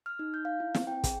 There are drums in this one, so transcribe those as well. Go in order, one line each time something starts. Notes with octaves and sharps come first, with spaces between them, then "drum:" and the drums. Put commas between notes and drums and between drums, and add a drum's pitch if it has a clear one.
F6
D#4
G6
F5
E4
C4, drum: snare
G5
G#4, drum: kick, hi-hat